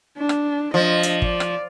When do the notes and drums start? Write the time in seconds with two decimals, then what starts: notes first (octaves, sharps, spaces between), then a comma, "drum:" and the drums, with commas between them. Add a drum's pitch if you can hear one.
0.18 D4
0.29 drum: rim click
0.74 F3 D4 D#5
1.03 drum: hi-hat
1.22 D5, drum: kick
1.40 drum: rim click